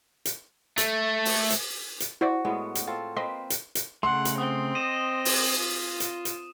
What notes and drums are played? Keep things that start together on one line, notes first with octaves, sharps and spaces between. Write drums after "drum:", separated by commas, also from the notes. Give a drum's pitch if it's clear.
drum: hi-hat
A3, drum: hi-hat
drum: open hi-hat
drum: hi-hat
drum: hi-hat
E4 F#4 C5 D5
A2 G#3 B3
drum: hi-hat
C4 F4 A4
A#3 C4 B4 D#5 C6 B6
drum: hi-hat
drum: hi-hat
C#3 A3 F#5 C6
drum: hi-hat
C4 D#6
D#5 D#7 E7
drum: open hi-hat
F4
drum: hi-hat
drum: hi-hat